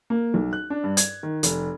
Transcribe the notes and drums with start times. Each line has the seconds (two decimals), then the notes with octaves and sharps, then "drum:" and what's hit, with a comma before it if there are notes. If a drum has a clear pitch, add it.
0.10 A#3
0.34 B1
0.53 F#6
0.70 D4
0.84 G2
0.97 G#6, drum: hi-hat
1.23 D#3
1.43 F1, drum: hi-hat